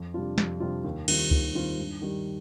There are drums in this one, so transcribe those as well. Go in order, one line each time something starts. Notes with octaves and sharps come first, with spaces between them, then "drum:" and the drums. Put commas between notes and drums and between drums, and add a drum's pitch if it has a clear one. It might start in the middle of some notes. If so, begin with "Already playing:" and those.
Already playing: F2
C3 G3 D4 F4
F2, drum: snare
C3 G3 D4 F4
D#2
D#3 G3 C4 F4, drum: cymbal
D#2, drum: kick C#2
D#3 G3 C4 F4
G2
D#3 G3